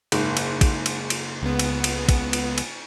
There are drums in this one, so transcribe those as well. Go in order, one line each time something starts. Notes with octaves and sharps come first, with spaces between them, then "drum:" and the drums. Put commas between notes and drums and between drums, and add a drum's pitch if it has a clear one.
F#1 G#2, drum: cymbal
drum: cymbal
drum: kick, cymbal
drum: cymbal
drum: cymbal
C#2 B3
drum: cymbal
drum: cymbal
drum: kick, cymbal
drum: cymbal
drum: cymbal